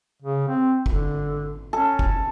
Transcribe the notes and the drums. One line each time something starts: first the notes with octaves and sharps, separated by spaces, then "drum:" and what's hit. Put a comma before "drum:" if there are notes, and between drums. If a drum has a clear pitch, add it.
C#3
C4
D3, drum: kick
C#4 A4
drum: kick